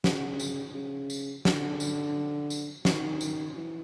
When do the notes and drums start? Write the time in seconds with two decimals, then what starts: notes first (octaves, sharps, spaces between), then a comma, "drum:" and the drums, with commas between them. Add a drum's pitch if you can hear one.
0.04 C#3, drum: snare
0.39 drum: tambourine
0.74 C#3
1.10 drum: tambourine
1.45 D3, drum: snare
1.80 drum: tambourine
2.50 drum: tambourine
2.85 D#3, drum: snare
3.21 drum: tambourine
3.56 E3